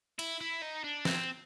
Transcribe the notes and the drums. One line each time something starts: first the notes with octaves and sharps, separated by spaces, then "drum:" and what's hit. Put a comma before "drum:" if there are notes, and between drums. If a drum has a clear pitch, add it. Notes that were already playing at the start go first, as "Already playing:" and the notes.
E4, drum: cymbal
E4
D#4
D4
C4, drum: snare